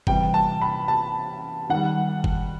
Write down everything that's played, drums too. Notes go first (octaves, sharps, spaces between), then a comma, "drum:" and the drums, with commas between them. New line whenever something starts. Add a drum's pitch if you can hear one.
C3 E3 G3 G5, drum: kick F#1
A5
B5
A5
D#3 G3 F#5
drum: kick F#1